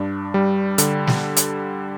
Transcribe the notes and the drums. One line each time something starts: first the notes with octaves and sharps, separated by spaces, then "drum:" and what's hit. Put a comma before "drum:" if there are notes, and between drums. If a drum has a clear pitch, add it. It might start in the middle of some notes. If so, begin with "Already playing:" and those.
Already playing: G2 D4
G3
D3, drum: hi-hat
drum: snare
drum: hi-hat